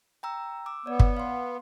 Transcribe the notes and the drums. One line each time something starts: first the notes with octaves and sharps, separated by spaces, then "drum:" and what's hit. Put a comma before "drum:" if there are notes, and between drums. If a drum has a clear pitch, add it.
G5 A#5 E6
D6 E6
B3 C#5 D5
drum: kick
F5 C6